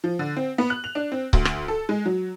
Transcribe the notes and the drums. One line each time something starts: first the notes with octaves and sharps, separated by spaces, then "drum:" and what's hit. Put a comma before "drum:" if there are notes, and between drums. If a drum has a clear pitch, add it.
F3
D3
C4
B3
F#6
F7
D4
C4
D2, drum: kick C#1
drum: rim click
A4
G#3
F#3